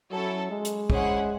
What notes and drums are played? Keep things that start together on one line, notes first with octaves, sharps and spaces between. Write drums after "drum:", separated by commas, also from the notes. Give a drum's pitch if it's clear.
F#3 C#4 E4 A4
G#3
drum: hi-hat
C#4 E4 G#4 C5 F#5, drum: kick